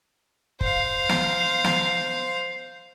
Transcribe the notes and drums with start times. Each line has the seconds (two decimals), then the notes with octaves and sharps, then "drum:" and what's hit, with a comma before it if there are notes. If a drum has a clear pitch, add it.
0.61 C5 F5, drum: kick
1.09 drum: snare
1.64 drum: snare